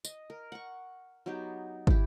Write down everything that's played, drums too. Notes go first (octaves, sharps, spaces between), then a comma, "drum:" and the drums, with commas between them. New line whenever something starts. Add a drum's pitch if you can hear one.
D#5, drum: tambourine
A#4
F#5 C#6
F#3 B3 D#4 G4
E4 G4, drum: kick